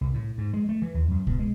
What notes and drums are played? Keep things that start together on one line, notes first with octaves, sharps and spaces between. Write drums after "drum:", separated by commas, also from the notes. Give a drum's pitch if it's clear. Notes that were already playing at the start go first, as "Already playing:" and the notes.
C2
A2
G#2
G#3
A3
E3
D#2
F#2
B2, drum: kick
G#3